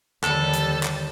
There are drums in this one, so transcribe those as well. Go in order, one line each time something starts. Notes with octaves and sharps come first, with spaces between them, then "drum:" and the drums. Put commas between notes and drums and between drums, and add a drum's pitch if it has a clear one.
D#2 D3 E3 G3 A4 A6, drum: clap
drum: hi-hat
drum: clap